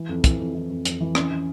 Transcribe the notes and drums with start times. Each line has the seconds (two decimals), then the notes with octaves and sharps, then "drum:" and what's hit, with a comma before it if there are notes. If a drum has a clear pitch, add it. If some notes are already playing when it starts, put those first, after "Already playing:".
Already playing: E3
0.09 F2
0.24 E3, drum: kick, hi-hat
0.39 F2
0.55 E3
0.70 F2
0.85 F2, drum: hi-hat
1.00 E3
1.15 C#4, drum: rim click
1.31 E3